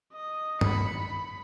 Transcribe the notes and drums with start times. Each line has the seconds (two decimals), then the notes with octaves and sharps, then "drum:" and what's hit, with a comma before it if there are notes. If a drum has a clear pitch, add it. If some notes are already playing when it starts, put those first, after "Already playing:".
0.13 D#5
0.61 B5 C#7, drum: tom
1.00 B5